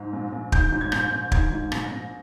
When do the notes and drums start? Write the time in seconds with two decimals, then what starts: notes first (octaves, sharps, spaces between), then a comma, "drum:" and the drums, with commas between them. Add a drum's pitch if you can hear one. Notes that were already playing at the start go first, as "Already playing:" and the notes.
Already playing: G#2
0.13 A#1
0.33 A#1
0.52 D#3 G6, drum: kick
0.72 G#2
0.81 G#6
0.92 A#1 G6, drum: rim click
1.12 A#1
1.32 D#3 G#6, drum: kick
1.52 G#2
1.72 A#1, drum: rim click
1.85 A#6
1.92 A#1